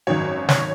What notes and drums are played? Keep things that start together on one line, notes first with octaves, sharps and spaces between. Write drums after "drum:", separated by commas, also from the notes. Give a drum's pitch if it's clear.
G#1 F#2 D#3 F#3 C#5
C#5, drum: snare